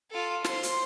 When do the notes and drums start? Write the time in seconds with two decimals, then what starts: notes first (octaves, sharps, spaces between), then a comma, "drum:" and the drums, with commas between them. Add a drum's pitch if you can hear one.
0.11 F4 A4
0.44 C5 C6, drum: snare
0.63 drum: hi-hat